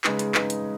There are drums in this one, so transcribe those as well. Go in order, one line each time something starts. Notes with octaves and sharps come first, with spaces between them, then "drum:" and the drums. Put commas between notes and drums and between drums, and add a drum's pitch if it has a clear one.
C#3 G#3 D#4 G#4 B4, drum: clap
drum: hi-hat
C#3 G#3 D#4 G#4 B4, drum: clap
drum: hi-hat